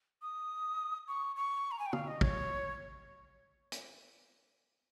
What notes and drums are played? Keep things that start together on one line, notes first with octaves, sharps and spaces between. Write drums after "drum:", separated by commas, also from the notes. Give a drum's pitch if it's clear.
D#6
C#6
C#6
A#5
G#5
G5
F5, drum: tom
D#5
C#5, drum: kick
drum: hi-hat